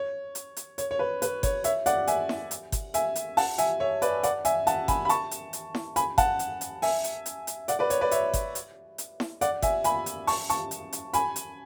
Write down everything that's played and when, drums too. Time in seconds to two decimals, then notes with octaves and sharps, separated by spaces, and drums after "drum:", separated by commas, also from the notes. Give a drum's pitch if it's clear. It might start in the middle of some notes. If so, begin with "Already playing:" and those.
Already playing: C#5
0.35 drum: hi-hat
0.57 drum: hi-hat
0.78 C#5, drum: hi-hat
0.91 C#5
0.99 B4
1.22 B4, drum: hi-hat
1.43 C#5, drum: kick G1, hi-hat
1.64 C#5 E5, drum: hi-hat
1.86 D5 F#5, drum: hi-hat
2.07 E5 G#5, drum: hi-hat
2.29 drum: snare E4
2.51 drum: hi-hat
2.72 drum: kick G1, hi-hat
2.94 E5 G#5, drum: hi-hat
3.16 drum: hi-hat
3.37 F#5 A5, drum: open hi-hat
3.58 E5 G#5, drum: hi-hat
3.80 C#5 E5
4.02 B4 D5, drum: hi-hat
4.23 D5 F#5, drum: hi-hat
4.45 E5 G#5, drum: hi-hat
4.67 F#5 A5, drum: hi-hat
4.88 G#5 B5, drum: kick G1, hi-hat
5.05 B5
5.09 A5 C#6, drum: hi-hat
5.31 drum: hi-hat
5.53 drum: hi-hat
5.75 drum: snare E4
5.96 G#5 B5, drum: hi-hat
6.18 F#5 A5, drum: kick G1, hi-hat
6.39 drum: hi-hat
6.61 drum: hi-hat
6.82 E5 G#5, drum: open hi-hat
7.04 drum: hi-hat
7.26 drum: hi-hat
7.47 drum: hi-hat
7.68 D5 F#5, drum: hi-hat
7.79 B4 D5
7.90 C#5, drum: hi-hat
8.01 B4 D5
8.11 C#5 E5, drum: hi-hat
8.34 drum: kick G1, hi-hat
8.55 drum: hi-hat
8.98 drum: hi-hat
9.20 drum: snare E4
9.41 D5 F#5, drum: hi-hat
9.62 E5 G#5, drum: kick G1, hi-hat
9.84 G#5 B5, drum: hi-hat
10.06 drum: hi-hat
10.27 A5 C#6, drum: open hi-hat
10.50 A5 C#6, drum: hi-hat
10.71 drum: hi-hat
10.93 drum: hi-hat
11.14 G#5 B5, drum: hi-hat
11.36 drum: hi-hat